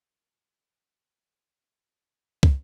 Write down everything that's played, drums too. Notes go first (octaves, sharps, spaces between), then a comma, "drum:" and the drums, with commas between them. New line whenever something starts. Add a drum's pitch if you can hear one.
A#2 G3 F4 A#4
G#5 A#5 C6
E3 A4 D5 E6
G#2 F#4 D#5 C#7
drum: kick